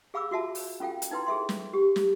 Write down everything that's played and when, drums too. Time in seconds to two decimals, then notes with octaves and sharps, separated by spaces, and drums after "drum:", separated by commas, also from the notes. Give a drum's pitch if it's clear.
0.14 G#4 F5 B5 D6 E6
0.31 F4 F#4 E5 A5
0.55 drum: open hi-hat
0.80 C#4 F4 A4 F5 G5
1.02 drum: hi-hat
1.11 D#4 E4 B4 G5 C6
1.27 G#4 A4 E5 C6
1.49 drum: snare
1.73 G4
1.96 drum: snare